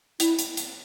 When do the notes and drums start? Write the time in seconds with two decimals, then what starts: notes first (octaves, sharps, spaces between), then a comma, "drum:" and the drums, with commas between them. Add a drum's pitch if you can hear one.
0.20 E4, drum: hi-hat
0.39 drum: hi-hat
0.57 drum: hi-hat